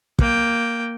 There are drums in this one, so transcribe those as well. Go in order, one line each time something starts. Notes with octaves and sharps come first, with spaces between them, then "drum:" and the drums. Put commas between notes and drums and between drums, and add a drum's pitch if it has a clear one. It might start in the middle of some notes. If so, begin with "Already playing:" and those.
A#3 G5, drum: kick